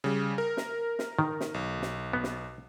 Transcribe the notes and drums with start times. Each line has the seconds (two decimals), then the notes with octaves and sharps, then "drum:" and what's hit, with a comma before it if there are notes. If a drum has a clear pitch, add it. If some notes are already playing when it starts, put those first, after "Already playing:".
0.04 C#3 G3
0.38 A#4
0.57 drum: snare
0.99 drum: snare
1.19 D#3
1.40 drum: snare
1.54 B1
1.82 drum: snare
2.13 B3
2.24 drum: snare